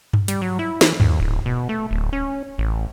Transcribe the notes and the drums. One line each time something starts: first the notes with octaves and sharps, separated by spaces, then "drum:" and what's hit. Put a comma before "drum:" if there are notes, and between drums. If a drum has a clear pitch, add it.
drum: tom G2
G3, drum: hi-hat
F#3
E4
E3, drum: snare
D#2, drum: tom G2
D1
B2
A3
D1
C#4
A1